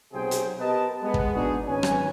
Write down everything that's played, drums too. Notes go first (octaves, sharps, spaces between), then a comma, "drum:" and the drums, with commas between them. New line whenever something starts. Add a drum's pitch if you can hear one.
B1 C3 F#3 G#4 C5 G5
drum: hi-hat
B3 G4 A#4 B4 D#5 A5
G#3 B3
drum: kick
B3 D4 D#4 F#4 G#4
G#1 C#4 B4 C#5 G#5
drum: rim click